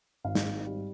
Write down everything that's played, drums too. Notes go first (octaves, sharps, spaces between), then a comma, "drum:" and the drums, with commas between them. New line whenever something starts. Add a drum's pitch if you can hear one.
G#1 F5
drum: snare
G#2
G3